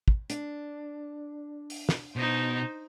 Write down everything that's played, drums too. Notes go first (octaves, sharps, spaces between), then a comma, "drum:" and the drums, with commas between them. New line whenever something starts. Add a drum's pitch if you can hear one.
drum: kick
D4, drum: hi-hat
drum: open hi-hat
drum: snare
B2 D#4 C5